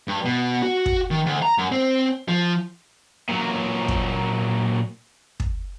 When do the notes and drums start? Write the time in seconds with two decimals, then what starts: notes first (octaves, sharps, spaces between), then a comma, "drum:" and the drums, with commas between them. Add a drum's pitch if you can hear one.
0.08 G2
0.25 B2
0.62 F#4
0.86 drum: kick
1.11 D#3
1.26 D2
1.42 A#5
1.58 F#2
1.72 C4
2.28 F3
3.29 A#2 F#3
3.88 drum: kick
5.40 drum: kick